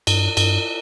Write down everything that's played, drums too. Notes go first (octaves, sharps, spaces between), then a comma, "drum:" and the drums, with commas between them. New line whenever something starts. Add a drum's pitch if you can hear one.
G2, drum: cymbal
G2, drum: cymbal